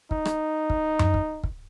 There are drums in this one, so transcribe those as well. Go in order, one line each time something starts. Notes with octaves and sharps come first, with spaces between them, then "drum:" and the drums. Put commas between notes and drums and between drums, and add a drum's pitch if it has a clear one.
D#4, drum: kick
drum: rim click
drum: kick
drum: tom F#2
drum: kick
drum: kick